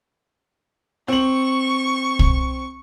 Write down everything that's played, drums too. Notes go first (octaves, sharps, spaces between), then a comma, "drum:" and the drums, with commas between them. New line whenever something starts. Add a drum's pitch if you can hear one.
C4 C#6 F#7
drum: kick